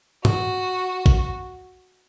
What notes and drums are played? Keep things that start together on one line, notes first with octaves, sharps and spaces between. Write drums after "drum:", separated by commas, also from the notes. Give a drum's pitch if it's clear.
F#4, drum: tom G#2
drum: kick A1